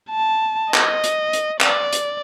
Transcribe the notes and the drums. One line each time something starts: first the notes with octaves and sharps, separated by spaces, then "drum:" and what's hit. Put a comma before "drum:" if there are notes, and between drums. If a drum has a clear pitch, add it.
A5
D#5, drum: clap
drum: hi-hat
drum: hi-hat
D5, drum: clap
drum: hi-hat